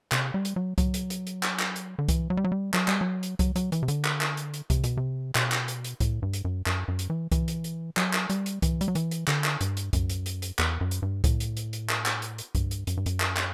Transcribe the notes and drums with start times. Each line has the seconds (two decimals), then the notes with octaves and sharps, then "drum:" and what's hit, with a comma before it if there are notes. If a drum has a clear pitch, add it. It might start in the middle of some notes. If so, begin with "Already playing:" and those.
0.12 C3, drum: clap
0.34 G3
0.45 drum: hi-hat
0.56 F#3
0.78 F#3, drum: kick C2, hi-hat
0.94 drum: hi-hat
1.10 drum: hi-hat
1.27 drum: hi-hat
1.43 drum: clap
1.59 drum: clap
1.76 drum: hi-hat
1.99 D3
2.09 E3, drum: kick C2, hi-hat
2.30 F#3
2.37 G3
2.44 F#3
2.52 G3
2.74 F#3, drum: clap
2.88 G3, drum: clap
3.01 F#3
3.23 drum: hi-hat
3.39 F#3, drum: kick C2, hi-hat
3.56 F#3, drum: hi-hat
3.72 E3, drum: hi-hat
3.83 C3
3.88 D3, drum: hi-hat
4.05 drum: clap
4.21 drum: clap
4.37 drum: hi-hat
4.54 drum: hi-hat
4.70 C3, drum: kick C2, hi-hat
4.84 B2, drum: hi-hat
4.97 C3
5.35 B2, drum: clap
5.52 drum: clap
5.68 drum: hi-hat
5.84 drum: hi-hat
6.00 A2, drum: kick C2, hi-hat
6.22 G2
6.33 drum: hi-hat
6.45 F#2
6.66 F#2, drum: clap
6.88 F#2
6.99 drum: hi-hat
7.10 E3
7.32 E3, drum: kick C2, hi-hat
7.48 drum: hi-hat
7.64 drum: hi-hat
7.97 F#3, drum: clap
8.13 drum: clap
8.30 G3, drum: hi-hat
8.46 drum: hi-hat
8.62 E3, drum: kick C2, hi-hat
8.81 G3, drum: hi-hat
8.88 F#3
8.95 E3, drum: hi-hat
9.11 drum: hi-hat
9.27 D3, drum: clap
9.44 drum: clap
9.61 G2, drum: hi-hat
9.77 drum: hi-hat
9.93 F#2, drum: kick C2, hi-hat
10.10 drum: hi-hat
10.26 drum: hi-hat
10.42 drum: hi-hat
10.59 E2, drum: clap
10.81 F#2
10.91 drum: hi-hat
11.02 G2
11.24 A2, drum: kick C2, hi-hat
11.40 drum: hi-hat
11.57 drum: hi-hat
11.73 drum: hi-hat
11.89 drum: clap
12.06 drum: clap
12.22 drum: hi-hat
12.38 drum: hi-hat
12.55 G2, drum: kick C2, hi-hat
12.71 drum: hi-hat
12.87 F#2, drum: hi-hat
12.97 G2
13.06 F#2, drum: hi-hat
13.20 drum: clap
13.37 drum: clap